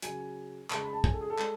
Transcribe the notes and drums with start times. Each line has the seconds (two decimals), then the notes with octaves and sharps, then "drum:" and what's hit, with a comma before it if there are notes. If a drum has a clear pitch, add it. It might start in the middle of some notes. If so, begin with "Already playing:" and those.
0.02 C#3 F#3 G#5, drum: hi-hat
0.70 C#3 G#3 A5, drum: clap
0.83 B5
0.93 A5
1.04 G#5, drum: kick
1.13 A4
1.21 G#4
1.30 A4
1.39 G#3, drum: clap